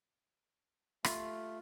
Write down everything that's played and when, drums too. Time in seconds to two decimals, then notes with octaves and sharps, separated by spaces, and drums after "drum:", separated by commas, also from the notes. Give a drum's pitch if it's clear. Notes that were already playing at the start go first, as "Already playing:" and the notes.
1.04 A3 F4, drum: rim click